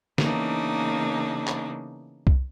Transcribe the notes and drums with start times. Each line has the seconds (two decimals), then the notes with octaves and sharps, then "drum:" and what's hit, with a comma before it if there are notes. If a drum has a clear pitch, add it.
0.18 C#3 E3 A#3 B3 D4 D#4, drum: snare
1.47 drum: clap
2.27 drum: kick C2